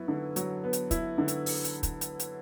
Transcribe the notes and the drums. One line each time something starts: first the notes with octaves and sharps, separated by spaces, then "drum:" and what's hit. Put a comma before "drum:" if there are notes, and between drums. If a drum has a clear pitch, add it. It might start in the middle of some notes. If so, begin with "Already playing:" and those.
Already playing: F#3 B3 E4
D3
F#3, drum: hi-hat
B3
drum: hi-hat
E4, drum: kick, hi-hat
D3
drum: hi-hat
drum: open hi-hat
drum: hi-hat
drum: kick, hi-hat
drum: hi-hat
drum: hi-hat